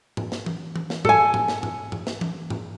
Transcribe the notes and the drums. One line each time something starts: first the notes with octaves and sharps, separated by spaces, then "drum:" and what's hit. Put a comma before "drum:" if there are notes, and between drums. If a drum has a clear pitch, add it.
drum: tom G#2
drum: snare
drum: tom E3
drum: tom E3
drum: snare
A4 G#5, drum: tom G#2
drum: tom G#2
drum: snare
drum: tom G#2
drum: tom G#2
drum: snare
drum: tom E3
drum: tom G#2